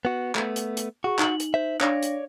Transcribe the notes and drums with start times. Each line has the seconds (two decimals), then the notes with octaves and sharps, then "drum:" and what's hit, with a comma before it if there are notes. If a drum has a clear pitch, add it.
0.05 B3 F#4
0.35 A3 B3, drum: clap
0.56 drum: hi-hat
0.77 drum: hi-hat
1.04 F#4 G#4 C#6
1.19 D#4 F#7, drum: clap
1.40 drum: hi-hat
1.54 C5 E5
1.81 D4 C#5 D5 F5 A#6, drum: clap
2.03 drum: hi-hat